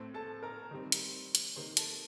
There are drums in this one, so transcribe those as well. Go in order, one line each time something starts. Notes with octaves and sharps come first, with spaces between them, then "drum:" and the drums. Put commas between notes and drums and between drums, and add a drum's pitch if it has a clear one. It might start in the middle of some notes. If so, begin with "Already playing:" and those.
Already playing: A2 A3 C4
A4 A5
A#4 A#5
D#3 G3 C4
drum: hi-hat
drum: hi-hat
C3 D#3 A#3 C5 C6
A4 A5, drum: hi-hat